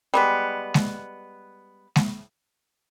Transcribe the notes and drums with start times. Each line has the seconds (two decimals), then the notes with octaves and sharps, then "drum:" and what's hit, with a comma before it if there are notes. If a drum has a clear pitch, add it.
0.14 G3 G#3 B3
0.74 drum: snare G#3
1.96 drum: snare G#3